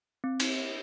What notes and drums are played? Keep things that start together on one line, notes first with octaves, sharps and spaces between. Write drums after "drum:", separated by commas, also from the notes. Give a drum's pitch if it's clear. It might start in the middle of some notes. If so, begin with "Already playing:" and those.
C4
drum: cymbal